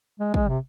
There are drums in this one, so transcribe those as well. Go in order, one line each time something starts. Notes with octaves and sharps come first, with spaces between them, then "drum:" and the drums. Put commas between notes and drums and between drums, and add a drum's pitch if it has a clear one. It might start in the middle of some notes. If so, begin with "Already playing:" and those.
G#3
G#3, drum: kick
C3